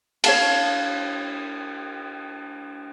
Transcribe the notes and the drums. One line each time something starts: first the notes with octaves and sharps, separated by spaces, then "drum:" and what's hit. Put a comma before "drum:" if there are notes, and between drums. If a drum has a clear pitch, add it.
C#5 F5 A5, drum: cymbal